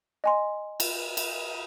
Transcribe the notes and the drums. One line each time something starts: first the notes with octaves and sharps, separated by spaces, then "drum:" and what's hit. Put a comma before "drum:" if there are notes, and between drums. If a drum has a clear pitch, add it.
D#5 G#5 C6
drum: cymbal
drum: cymbal